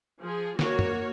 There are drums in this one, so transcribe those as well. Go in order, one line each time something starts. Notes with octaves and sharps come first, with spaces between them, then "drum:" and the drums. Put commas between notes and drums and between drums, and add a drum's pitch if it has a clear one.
F3 G#4
A#3 F#4 C#5, drum: snare
drum: tom